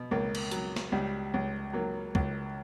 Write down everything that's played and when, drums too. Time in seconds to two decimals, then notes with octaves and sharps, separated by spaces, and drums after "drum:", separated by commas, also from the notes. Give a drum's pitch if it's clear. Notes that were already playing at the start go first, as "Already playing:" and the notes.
Already playing: B2
0.11 C#2 A#3
0.35 drum: cymbal
0.51 F#3, drum: hi-hat
0.76 drum: snare
0.92 C#2 G3
1.34 C#2
1.73 F#3 A#3
2.15 C#2, drum: kick